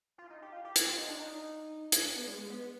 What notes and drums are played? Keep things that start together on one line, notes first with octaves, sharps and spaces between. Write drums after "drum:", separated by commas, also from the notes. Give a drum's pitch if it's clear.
F4
D#4
G4
F4
G4
drum: hi-hat
F4
D#4
D4
D#4
drum: hi-hat
D4
B3
G#3
G#3
B3